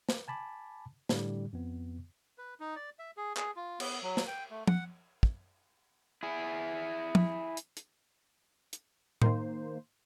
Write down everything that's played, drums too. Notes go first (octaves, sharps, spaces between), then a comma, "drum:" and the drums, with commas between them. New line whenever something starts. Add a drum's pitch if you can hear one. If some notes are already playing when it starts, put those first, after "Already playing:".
drum: snare
G#5 A5 B5 D6
A2 D3 G3, drum: snare
F2 B3
B4
D#4
D5
E5
G#4
G#4, drum: clap
F4
B3, drum: cymbal
F#3
drum: snare
G5
A3
F#5, drum: tom
drum: kick
E4 G#4
drum: tom
drum: hi-hat
drum: hi-hat
drum: hi-hat
D#3 A#3 C5, drum: tom A2